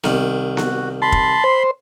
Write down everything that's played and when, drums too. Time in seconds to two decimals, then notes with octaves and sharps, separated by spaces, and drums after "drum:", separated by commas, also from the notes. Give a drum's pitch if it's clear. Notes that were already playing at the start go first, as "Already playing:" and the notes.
0.04 C2 D#3, drum: snare B3
0.57 F#4, drum: snare B3
1.02 A5 B5 C6
1.12 drum: kick
1.44 C5